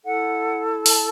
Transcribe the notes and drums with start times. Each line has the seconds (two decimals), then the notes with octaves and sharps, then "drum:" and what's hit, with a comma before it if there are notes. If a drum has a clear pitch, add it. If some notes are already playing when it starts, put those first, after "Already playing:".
0.04 E4 A4 F#5
0.86 A5, drum: open hi-hat